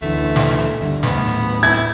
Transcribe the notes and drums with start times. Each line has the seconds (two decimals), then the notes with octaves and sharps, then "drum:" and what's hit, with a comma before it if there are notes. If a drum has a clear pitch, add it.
0.02 D2 D3 E3 A3
0.36 drum: snare
0.59 drum: hi-hat
0.81 G2 D3
1.03 D#2 A2 B3, drum: snare
1.27 drum: hi-hat
1.63 E4 G#6
1.73 drum: hi-hat